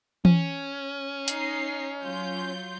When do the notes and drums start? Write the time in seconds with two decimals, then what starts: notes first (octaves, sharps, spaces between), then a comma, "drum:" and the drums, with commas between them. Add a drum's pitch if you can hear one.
0.25 C#4, drum: tom E3
1.28 D#4 C7, drum: hi-hat
2.01 F#3 F4 G6